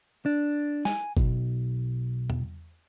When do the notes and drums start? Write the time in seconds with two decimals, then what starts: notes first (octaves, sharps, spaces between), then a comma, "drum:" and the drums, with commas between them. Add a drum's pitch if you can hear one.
0.26 D4
0.85 G#5, drum: snare
1.17 B1, drum: kick
2.30 drum: tom E2